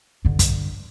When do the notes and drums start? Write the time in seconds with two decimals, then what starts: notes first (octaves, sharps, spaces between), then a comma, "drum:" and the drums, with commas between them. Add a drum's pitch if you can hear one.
0.25 G2 D3
0.39 drum: kick, hi-hat